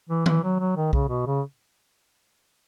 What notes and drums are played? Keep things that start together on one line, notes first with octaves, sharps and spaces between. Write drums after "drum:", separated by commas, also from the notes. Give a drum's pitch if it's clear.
E3
E3, drum: tom D#3
F#3
F#3
D#3
C#3, drum: kick B1
B2
C#3